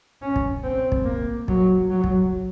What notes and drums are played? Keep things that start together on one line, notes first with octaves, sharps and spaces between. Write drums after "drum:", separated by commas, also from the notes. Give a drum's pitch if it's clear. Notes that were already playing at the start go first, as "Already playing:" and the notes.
C#4
drum: kick
C4
drum: kick
A#3
F#3, drum: kick
F#3
drum: kick